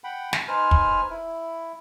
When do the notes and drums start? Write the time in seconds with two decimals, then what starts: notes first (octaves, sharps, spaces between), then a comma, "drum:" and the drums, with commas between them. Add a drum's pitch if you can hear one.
0.04 F#5 G5 B5
0.33 drum: snare
0.48 D#4 B4 C5 G#5 F6
0.71 drum: kick
1.10 E4